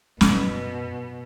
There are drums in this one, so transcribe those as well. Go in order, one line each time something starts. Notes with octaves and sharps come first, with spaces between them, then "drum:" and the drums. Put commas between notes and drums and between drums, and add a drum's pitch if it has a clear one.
F#2 B2, drum: snare